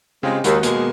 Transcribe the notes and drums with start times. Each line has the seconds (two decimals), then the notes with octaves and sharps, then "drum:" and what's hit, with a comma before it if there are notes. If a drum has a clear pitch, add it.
0.23 C#3 G#3 C4 F4 G4
0.44 D#2 G#3 F#4, drum: hi-hat
0.63 B2 G#3 A#3 B3, drum: hi-hat